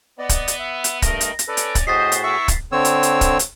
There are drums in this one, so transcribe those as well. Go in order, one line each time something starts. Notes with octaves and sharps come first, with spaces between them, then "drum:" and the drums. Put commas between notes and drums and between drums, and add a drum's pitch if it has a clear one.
B3 D5 D#5
drum: kick, hi-hat
drum: hi-hat
E5
drum: hi-hat
G2 G3 A3 A#4 D#5 A#6, drum: kick, hi-hat
drum: hi-hat
drum: hi-hat
C#4 A4 B4 D5
drum: hi-hat
drum: kick, hi-hat
A2 F#4 G#4 C5 D#5 A6 B6 C7
drum: hi-hat
B3 E4 E5 C#6
drum: kick, hi-hat
D3 C4 C#5 E6
drum: hi-hat
drum: hi-hat
drum: kick, hi-hat
drum: hi-hat